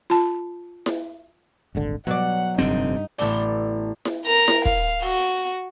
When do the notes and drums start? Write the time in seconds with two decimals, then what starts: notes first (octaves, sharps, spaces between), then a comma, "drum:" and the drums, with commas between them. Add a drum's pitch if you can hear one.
0.10 F4 A5
0.86 drum: snare E4
1.75 D#1 G#1 D3
2.07 B2 F#3 D5 F#5
2.58 F1 G2 D3 C4 D#4
3.18 A1 A3 B3 A4 D5, drum: open hi-hat
4.05 drum: snare E4
4.25 A#4 A#5
4.48 drum: snare E4
4.65 F5, drum: kick
5.02 F#4, drum: open hi-hat